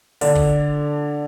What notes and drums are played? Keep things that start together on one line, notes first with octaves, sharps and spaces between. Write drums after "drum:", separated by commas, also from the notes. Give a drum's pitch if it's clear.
D3 D4, drum: open hi-hat
drum: kick